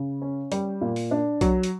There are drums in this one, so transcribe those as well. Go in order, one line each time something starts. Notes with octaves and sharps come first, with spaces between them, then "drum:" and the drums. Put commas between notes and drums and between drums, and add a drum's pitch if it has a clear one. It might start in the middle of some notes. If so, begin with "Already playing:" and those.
Already playing: C#3
C#4
G3, drum: hi-hat
A#2
drum: open hi-hat
D4
F#3, drum: kick B1, hi-hat
drum: hi-hat